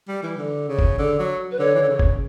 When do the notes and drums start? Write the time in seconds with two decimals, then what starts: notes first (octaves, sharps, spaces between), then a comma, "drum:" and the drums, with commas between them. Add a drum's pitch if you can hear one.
0.08 G3
0.23 E3
0.38 D3
0.69 C#3
0.79 drum: kick F#1
0.99 D3
1.19 F#3
1.51 B4
1.59 D3 C#5
1.75 E3
1.82 D3
1.89 C#3
1.99 drum: kick F#1